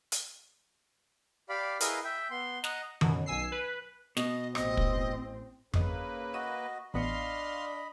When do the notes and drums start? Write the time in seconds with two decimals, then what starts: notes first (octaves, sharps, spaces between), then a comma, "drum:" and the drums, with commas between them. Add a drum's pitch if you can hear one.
0.12 drum: hi-hat
1.49 G4 D5 F5 B5
1.81 E4 G#4 A#4 B4 D#5 F5, drum: hi-hat
2.04 E5 G5
2.31 B3 C6
2.64 D#5 F#5 A#5, drum: snare
3.01 F#2 B2, drum: tom D#3
3.26 B1 G#5 E6 C7
3.52 B4
4.17 B2 D#5, drum: snare
4.55 A1 C4 D#5, drum: rim click
4.77 drum: kick
5.74 G1 C#3 A#3 B4 D#5, drum: tom F2
6.34 F#4 D#5 E6 D#7
6.94 A1 B3 D4 D#5 F5 B5 C6 C#7